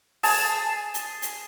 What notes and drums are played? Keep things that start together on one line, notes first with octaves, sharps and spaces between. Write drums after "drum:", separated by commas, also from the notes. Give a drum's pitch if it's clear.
G#4 A5, drum: open hi-hat
drum: hi-hat
drum: hi-hat